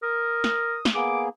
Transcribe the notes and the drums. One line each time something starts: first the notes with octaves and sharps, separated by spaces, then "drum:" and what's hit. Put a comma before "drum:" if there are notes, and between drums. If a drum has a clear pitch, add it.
A#4 D#6
drum: snare
drum: snare
A#3 B3 G#4 D6